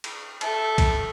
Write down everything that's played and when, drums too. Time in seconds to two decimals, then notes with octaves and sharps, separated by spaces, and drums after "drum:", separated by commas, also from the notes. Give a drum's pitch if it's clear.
0.04 drum: cymbal
0.41 A4 E5, drum: cymbal
0.78 drum: kick, cymbal